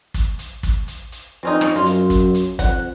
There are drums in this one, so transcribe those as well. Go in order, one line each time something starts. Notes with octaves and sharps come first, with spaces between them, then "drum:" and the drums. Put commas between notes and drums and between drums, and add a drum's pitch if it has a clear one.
drum: kick, hi-hat
drum: hi-hat
drum: kick, hi-hat
drum: hi-hat
drum: hi-hat
F2 C4 C#4 D#4
drum: rim click
F#2 F4
drum: hi-hat
drum: kick, hi-hat
drum: hi-hat
F2 F#5, drum: kick, hi-hat